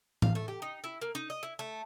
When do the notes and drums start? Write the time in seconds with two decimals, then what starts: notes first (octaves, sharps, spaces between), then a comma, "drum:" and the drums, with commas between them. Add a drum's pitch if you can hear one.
0.22 F5, drum: tom A2
0.35 A3
0.48 G4
0.62 D#4
0.84 E4
1.02 A#3
1.15 D#4
1.30 D#5
1.43 E4
1.59 A3